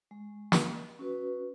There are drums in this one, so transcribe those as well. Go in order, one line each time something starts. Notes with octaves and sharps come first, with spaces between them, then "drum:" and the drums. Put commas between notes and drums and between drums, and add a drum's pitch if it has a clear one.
G#3
drum: snare
C#4 F#4 B4